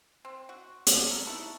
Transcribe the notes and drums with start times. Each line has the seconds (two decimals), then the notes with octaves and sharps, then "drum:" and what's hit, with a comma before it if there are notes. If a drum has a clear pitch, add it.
0.25 C4
0.49 F#4
0.87 drum: hi-hat
1.06 A4 A#4
1.26 D#4 E4 F#4 A5